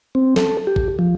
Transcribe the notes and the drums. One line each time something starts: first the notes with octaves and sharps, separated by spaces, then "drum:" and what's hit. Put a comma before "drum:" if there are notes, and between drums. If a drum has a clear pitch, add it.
C4
A4, drum: snare
G4
drum: kick
F3